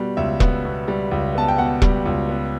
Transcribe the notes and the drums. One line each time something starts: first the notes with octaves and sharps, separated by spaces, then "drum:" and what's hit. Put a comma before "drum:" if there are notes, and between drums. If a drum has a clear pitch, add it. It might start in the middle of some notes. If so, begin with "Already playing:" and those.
Already playing: B2 G3 B3
C#2 E5
B3, drum: kick E1
B2
G3
C#2
B3 A5
G5
B2 F#5
G3, drum: kick E1
C#2
B3